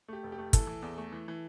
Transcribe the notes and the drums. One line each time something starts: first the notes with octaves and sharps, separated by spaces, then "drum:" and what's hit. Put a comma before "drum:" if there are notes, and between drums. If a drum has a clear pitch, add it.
A3 G4
F1
G4
A3
E3 A4, drum: kick, hi-hat
E3
E2
A3
E3
E3